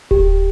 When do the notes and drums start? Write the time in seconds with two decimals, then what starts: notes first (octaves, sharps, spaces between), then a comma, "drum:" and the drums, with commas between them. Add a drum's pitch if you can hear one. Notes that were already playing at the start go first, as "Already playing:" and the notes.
0.11 G4, drum: kick D1